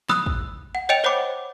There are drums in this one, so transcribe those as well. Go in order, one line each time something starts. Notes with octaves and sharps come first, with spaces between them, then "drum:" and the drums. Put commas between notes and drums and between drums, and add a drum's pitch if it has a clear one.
B5 D#6 E6 F#6, drum: snare
drum: kick
F#5
C#5 D#5 G5 D7 F7
C5 C#5 F#5 B5 D6